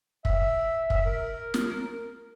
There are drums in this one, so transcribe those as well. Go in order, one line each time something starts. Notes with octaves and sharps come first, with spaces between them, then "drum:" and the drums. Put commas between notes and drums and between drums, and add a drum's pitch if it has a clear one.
E5, drum: kick
drum: kick
A#4
drum: snare